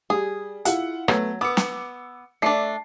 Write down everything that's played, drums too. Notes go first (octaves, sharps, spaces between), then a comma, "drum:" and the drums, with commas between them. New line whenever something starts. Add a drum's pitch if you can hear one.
G3 G#4
E4 F4 F#5, drum: hi-hat
F#3 A3 B3, drum: rim click
B3 D6 E6 C#7
drum: snare
A3 D4 D5 D6 C7